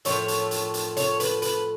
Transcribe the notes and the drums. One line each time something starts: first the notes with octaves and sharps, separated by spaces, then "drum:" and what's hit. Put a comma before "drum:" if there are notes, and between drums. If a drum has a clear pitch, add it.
A2 F3 A3 C#5, drum: hi-hat
drum: hi-hat
drum: hi-hat
drum: hi-hat
C#5, drum: hi-hat
B4, drum: hi-hat
B4, drum: hi-hat